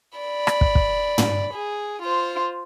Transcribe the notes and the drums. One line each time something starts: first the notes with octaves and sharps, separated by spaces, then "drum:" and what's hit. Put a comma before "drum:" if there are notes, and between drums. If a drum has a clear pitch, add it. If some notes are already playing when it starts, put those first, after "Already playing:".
D5 B5
drum: rim click
drum: kick
drum: kick
drum: tom
G#4
F4 C5